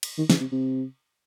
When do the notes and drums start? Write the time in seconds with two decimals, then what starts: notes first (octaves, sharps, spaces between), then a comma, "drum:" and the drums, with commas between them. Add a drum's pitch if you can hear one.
0.03 drum: cymbal
0.18 D#3
0.30 C#3, drum: snare
0.40 C3
0.52 C3